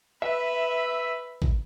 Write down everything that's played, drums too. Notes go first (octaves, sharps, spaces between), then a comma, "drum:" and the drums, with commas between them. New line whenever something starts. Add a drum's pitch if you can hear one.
B4 E5
drum: kick G#1